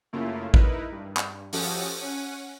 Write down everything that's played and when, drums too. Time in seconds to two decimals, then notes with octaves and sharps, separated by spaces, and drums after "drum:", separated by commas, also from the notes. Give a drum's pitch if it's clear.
0.13 F#2 C#3 A3 A#3 E4 F4
0.54 D#4 E4 A#4 B4, drum: kick A1
0.92 G2
1.17 drum: clap
1.53 F3 C#4 F#4 G4 A4 D#6, drum: open hi-hat
1.99 C#4 F#5 D#7